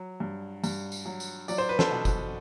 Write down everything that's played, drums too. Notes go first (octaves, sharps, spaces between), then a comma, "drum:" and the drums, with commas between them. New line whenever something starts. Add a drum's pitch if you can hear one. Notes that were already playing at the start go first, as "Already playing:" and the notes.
Already playing: F#3
G2
G2, drum: tambourine
drum: tambourine
F#3
drum: tambourine
F#3 D5, drum: tambourine
C5
B4
A4 C5, drum: snare
B2
drum: kick F#1, tambourine